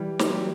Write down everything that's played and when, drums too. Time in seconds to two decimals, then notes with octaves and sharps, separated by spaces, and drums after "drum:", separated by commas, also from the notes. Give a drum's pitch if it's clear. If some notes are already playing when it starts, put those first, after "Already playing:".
Already playing: E3 G3
0.19 F#3, drum: snare
0.33 G3